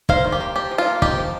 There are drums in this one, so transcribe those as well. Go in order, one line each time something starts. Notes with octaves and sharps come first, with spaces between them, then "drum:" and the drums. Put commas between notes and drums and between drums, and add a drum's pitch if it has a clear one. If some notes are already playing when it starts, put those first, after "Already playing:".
D#4 C5 F5, drum: kick
D#3
G4
A#3
F3 G4
F3
F4
A#3
D#4 G4, drum: kick
F3